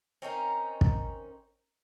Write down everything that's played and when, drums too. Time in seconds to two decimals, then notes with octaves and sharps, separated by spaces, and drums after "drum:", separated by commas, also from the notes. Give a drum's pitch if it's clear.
0.22 C4 C#4 D#4 A#4
0.81 drum: kick